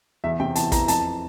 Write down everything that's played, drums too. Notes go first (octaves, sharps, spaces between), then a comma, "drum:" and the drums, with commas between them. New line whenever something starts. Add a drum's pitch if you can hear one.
E2 E5
C3 G5
E3 A5, drum: hi-hat
E3 A#5, drum: kick, hi-hat
F2 A5, drum: hi-hat